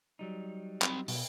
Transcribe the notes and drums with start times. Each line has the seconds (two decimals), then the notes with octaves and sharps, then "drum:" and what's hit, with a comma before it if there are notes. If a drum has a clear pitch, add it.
0.19 F#3 G3 D#4
0.82 C4 B5, drum: clap
1.08 B2, drum: open hi-hat